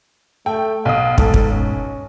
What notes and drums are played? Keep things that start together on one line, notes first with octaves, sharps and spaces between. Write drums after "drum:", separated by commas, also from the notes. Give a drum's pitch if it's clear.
A3 A4 G5
B1 F5 D#6
G#2 A4, drum: kick
drum: kick
C#4